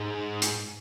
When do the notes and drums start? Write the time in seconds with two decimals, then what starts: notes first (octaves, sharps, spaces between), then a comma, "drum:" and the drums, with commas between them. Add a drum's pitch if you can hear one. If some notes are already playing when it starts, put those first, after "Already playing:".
Already playing: G#2
0.42 drum: hi-hat